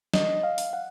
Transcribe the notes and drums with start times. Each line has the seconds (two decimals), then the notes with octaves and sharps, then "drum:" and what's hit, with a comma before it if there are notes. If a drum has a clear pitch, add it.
0.14 D#5, drum: snare
0.43 F5
0.58 drum: open hi-hat
0.73 F#5